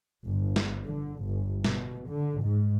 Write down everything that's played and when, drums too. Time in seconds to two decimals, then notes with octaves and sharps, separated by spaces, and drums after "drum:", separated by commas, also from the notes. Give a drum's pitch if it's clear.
0.25 G1
0.56 drum: snare
0.86 D3
1.23 G1
1.65 B2, drum: snare
2.09 D3
2.43 G#2